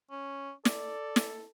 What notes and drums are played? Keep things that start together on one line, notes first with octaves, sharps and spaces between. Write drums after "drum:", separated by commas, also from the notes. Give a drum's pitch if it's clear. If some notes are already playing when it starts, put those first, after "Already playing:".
C#4
A4 D5, drum: snare
drum: snare